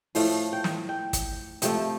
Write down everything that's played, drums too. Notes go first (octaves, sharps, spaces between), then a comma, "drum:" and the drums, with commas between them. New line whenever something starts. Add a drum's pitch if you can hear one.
A2 F3 A3 F5, drum: open hi-hat
G5
drum: snare
G5
drum: kick, hi-hat
C3 F3 A3, drum: hi-hat